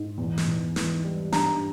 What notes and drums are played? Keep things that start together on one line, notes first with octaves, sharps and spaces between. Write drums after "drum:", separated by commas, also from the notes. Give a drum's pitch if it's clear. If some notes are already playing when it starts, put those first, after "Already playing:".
Already playing: G#2
E2
drum: snare
E2
E3, drum: snare
G3
G2 A#5, drum: snare